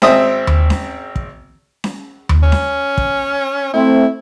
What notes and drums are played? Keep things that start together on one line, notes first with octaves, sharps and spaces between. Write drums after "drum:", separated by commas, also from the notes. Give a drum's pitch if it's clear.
G#1 C4 E5 D#6, drum: snare C#4
drum: tom D#2
drum: snare C#4
drum: kick
drum: snare C#4
drum: tom D#2
C#4
drum: snare C#4
drum: kick
A3 C4 E4